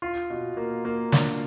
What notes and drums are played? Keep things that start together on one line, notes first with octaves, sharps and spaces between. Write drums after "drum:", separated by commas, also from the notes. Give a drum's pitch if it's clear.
F4
B2
A#3
A#3
D4, drum: snare